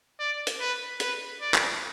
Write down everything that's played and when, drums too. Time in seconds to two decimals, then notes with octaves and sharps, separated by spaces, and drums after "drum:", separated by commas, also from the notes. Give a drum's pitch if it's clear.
0.20 D5
0.47 drum: hi-hat
0.60 B4
1.00 B4, drum: hi-hat
1.41 D5
1.54 drum: clap